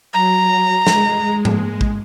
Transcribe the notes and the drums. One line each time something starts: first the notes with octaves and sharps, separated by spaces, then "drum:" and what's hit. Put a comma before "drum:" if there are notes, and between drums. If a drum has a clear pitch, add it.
F#3 A#5
G#3, drum: snare
drum: tom
drum: kick